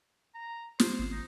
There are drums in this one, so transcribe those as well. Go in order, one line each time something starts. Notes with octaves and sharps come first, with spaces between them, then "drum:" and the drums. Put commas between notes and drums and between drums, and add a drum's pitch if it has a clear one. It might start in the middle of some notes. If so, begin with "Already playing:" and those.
A#5
C5, drum: snare
G#1
D#4